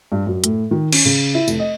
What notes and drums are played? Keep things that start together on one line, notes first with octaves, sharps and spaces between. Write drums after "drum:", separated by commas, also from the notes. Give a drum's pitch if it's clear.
G2
F#2
A2, drum: hi-hat
D#3
C#4, drum: cymbal
C#3
E4
F1, drum: tambourine
D#5